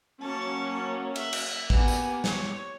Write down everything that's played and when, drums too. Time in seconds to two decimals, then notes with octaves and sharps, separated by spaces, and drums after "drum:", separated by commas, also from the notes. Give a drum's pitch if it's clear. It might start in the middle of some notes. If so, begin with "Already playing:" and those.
0.22 F#3 A#3 C#4 A5 C#6
1.16 E5 F#6, drum: cymbal
1.33 drum: cymbal
1.70 A#3 B3 G4 G#5, drum: kick
1.88 drum: tambourine
2.24 C#5, drum: snare